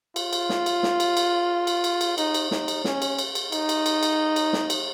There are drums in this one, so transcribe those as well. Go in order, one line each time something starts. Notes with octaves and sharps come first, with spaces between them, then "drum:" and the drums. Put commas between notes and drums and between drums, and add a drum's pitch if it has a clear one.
F4, drum: cymbal
drum: cymbal
drum: snare
drum: cymbal
drum: snare
drum: cymbal
drum: cymbal
drum: cymbal
drum: cymbal
drum: cymbal
D#4, drum: cymbal
drum: cymbal
D#4, drum: snare
drum: cymbal
C#4, drum: snare
drum: cymbal
drum: cymbal
drum: cymbal
D#4, drum: cymbal
drum: cymbal
drum: cymbal
drum: cymbal
drum: cymbal
drum: snare
drum: cymbal